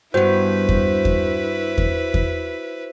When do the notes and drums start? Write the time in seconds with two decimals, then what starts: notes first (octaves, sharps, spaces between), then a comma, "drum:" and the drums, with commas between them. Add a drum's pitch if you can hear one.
0.14 G2 B3 E4 F#4 B4 C5
0.69 drum: kick E2
1.05 drum: kick E2
1.78 drum: kick E2
2.14 drum: kick E2